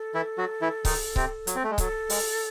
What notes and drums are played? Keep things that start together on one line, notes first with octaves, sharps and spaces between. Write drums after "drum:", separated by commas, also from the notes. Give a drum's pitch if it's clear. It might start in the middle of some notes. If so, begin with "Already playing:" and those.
Already playing: A4
E3 E4
F#3 F#4
E3 E4
D#3 D#4, drum: kick C#1, open hi-hat
C3 C4, drum: kick C#1
F#3, drum: hi-hat
C4
A3
G#3
F#3 A4, drum: kick C#1, hi-hat
G#3, drum: open hi-hat